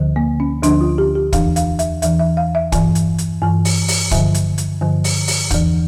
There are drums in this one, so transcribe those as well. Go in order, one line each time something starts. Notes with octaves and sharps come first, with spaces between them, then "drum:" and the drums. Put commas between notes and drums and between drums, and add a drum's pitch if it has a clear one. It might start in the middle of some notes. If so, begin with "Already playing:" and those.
Already playing: D2 D3 F3
A#3
C#4
D2 D3 F3 D4, drum: hi-hat
F4
G4
G4
E2 E3 F5, drum: kick, hi-hat
F5, drum: hi-hat
E5, drum: hi-hat
E2 E3 E5, drum: hi-hat
E5
F5
E5
G2 E3, drum: kick, hi-hat
drum: hi-hat
drum: hi-hat
G2 E3
drum: open hi-hat
drum: open hi-hat
G2 D3 F3 E5, drum: kick, hi-hat
drum: hi-hat
drum: hi-hat
G2 D3 F3
drum: open hi-hat
drum: open hi-hat
E2 E3, drum: kick, hi-hat